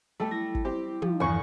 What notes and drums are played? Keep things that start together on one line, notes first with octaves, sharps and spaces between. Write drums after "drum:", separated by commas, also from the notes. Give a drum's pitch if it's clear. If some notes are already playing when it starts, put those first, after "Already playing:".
G3 A3 A4
E4 A#6
drum: kick
C4 G4
F3, drum: tom
G1 E2 G#5 C#6